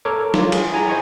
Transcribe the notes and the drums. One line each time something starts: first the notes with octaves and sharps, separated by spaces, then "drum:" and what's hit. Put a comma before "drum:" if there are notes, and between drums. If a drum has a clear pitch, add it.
A4 A#4 C#5 D6
F4, drum: snare
G#4, drum: cymbal
E4 G#5 A#5
C5 D#5 G#5 C#6 D#6